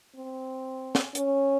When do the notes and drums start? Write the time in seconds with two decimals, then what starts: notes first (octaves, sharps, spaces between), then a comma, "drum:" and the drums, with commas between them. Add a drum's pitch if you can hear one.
0.16 C4
0.95 drum: snare
1.15 C#4, drum: hi-hat